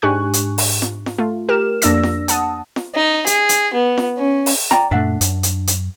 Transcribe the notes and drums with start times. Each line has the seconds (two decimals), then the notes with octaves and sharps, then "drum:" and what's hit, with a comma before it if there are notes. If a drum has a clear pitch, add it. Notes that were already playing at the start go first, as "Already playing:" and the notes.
0.02 G#2 D4 G4 G#5 C#6 F#6
0.33 drum: hi-hat
0.58 drum: open hi-hat
0.82 drum: snare
1.06 drum: snare
1.18 A3 F4
1.49 G4 A#4 F6 E7
1.82 F2 A#3 D4 D5 E6 A#6, drum: hi-hat
2.03 drum: snare
2.28 F#5 A5 D#6, drum: hi-hat
2.76 drum: snare
2.95 D#4
3.27 G#4, drum: hi-hat
3.49 drum: hi-hat
3.73 B3
3.98 drum: snare
4.18 C#4
4.46 drum: open hi-hat
4.71 D5 G5 A#5, drum: snare
4.91 F#2 A#2 A3 D4 E5 F#5
5.21 F#2, drum: hi-hat
5.43 drum: hi-hat
5.67 drum: hi-hat